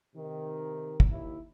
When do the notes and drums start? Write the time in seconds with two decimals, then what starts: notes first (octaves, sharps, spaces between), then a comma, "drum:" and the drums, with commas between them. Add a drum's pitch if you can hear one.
0.15 C3 D#3
1.00 drum: kick
1.11 D#2 E4